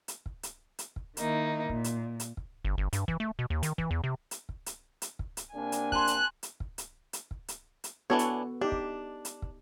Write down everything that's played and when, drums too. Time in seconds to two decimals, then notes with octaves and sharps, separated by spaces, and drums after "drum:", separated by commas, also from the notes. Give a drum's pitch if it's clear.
0.08 drum: hi-hat
0.26 drum: kick
0.43 drum: hi-hat
0.79 drum: hi-hat
0.96 drum: kick
1.17 D#3 A#3 D#4 E4, drum: hi-hat
1.69 A#2, drum: kick
1.84 drum: hi-hat
2.20 drum: hi-hat
2.37 drum: kick
2.65 G1
2.78 G1
2.93 G2, drum: hi-hat
3.08 E3, drum: kick
3.20 A3
3.39 B2
3.50 D#2
3.63 D#3, drum: hi-hat
3.78 E3, drum: kick
3.91 E2
4.04 C3
4.31 drum: hi-hat
4.49 drum: kick
4.66 drum: hi-hat
5.02 drum: hi-hat
5.19 drum: kick
5.37 drum: hi-hat
5.53 C3 A#3 D4 G#5
5.72 drum: hi-hat
5.92 A5 C6 F#6, drum: kick
6.07 drum: hi-hat
6.43 drum: hi-hat
6.60 drum: kick
6.78 drum: hi-hat
7.13 drum: hi-hat
7.31 drum: kick
7.48 drum: hi-hat
7.84 drum: hi-hat
8.10 E3 B3 D4 F#4 A4 C#5
8.19 drum: hi-hat
8.61 D4 D#4 G4
8.72 drum: kick
9.25 drum: hi-hat
9.42 drum: kick